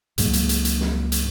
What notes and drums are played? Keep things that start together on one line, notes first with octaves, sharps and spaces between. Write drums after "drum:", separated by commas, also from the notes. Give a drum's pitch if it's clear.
C#2 G#2 F#3 A#3, drum: hi-hat
drum: hi-hat
drum: hi-hat
drum: hi-hat
drum: snare
drum: hi-hat